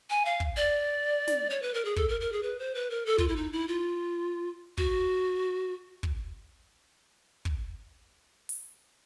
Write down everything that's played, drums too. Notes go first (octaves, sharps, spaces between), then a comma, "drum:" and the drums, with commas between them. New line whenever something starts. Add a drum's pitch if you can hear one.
G#5
F5
drum: kick
D5
drum: snare
C#5
B4
A#4
G#4
A4, drum: kick
A#4
A#4
G#4
B4
C5
B4
A#4
A4
F4, drum: kick
E4
D#4
E4
F4
F#4, drum: kick
drum: kick
drum: kick
drum: open hi-hat